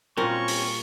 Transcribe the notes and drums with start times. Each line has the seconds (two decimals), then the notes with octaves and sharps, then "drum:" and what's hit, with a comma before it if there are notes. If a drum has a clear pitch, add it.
0.17 A#2 G3 C4 C#4 A#4 C#6
0.48 drum: open hi-hat